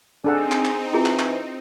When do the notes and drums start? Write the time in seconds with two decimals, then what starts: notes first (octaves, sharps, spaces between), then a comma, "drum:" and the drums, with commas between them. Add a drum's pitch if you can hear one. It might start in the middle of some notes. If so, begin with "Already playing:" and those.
0.24 C4 D4 D#4 G#4 A4 F#5
0.51 drum: clap
0.65 drum: clap
0.93 E3 E4 F4 G#4
1.06 drum: clap
1.19 drum: clap